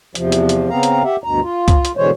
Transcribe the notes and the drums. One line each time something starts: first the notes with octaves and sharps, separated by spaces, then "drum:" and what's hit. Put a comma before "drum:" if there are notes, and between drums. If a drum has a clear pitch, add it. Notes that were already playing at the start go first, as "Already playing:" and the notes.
E2 C3 F3, drum: hi-hat
drum: hi-hat
drum: hi-hat
C#3 B3 C4 F5 A#5
drum: hi-hat
G4 E5 F#5
D2 G2 B2 A#5
F4
drum: kick, hi-hat
drum: hi-hat
B2 D3 E3 G#3 C5 C#5